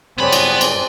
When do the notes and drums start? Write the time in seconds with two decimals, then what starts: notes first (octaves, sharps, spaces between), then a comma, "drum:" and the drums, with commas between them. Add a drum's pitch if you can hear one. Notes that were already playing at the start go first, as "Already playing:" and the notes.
0.18 G2 C#3 F#3 B3 C4 G#4 D5 B5
0.33 drum: cymbal
0.61 drum: cymbal